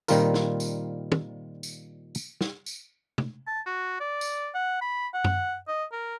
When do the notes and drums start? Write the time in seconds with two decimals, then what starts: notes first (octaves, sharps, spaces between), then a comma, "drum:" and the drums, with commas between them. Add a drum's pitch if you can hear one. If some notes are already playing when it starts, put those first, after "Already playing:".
0.08 A#2 D#3 G3 C4 F4 A#4, drum: tambourine
0.34 drum: snare
0.60 drum: tambourine
1.12 drum: tom
1.63 drum: tambourine
2.15 drum: tambourine
2.41 drum: snare
2.66 drum: tambourine
3.18 drum: tom
3.47 A5
3.66 F#4
4.00 D5
4.21 drum: tambourine
4.55 F#5
4.81 B5
5.14 F#5
5.24 drum: tom F#2
5.68 D#5
5.92 A#4